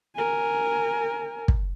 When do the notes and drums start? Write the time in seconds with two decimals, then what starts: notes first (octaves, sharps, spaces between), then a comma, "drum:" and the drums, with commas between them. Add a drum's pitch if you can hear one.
0.15 A#4 G#5
1.48 drum: kick